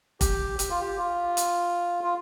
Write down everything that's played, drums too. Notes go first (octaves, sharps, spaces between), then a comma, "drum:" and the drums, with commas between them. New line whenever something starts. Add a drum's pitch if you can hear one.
G4, drum: kick F1, hi-hat
G4, drum: hi-hat
F4
G4
F4
drum: hi-hat
F4